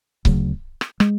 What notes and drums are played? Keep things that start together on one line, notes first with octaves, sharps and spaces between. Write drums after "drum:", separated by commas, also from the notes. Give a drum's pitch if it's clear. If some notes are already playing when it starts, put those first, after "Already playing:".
D2 C#3 F#3, drum: kick C#1
drum: rim click
G#3, drum: rim click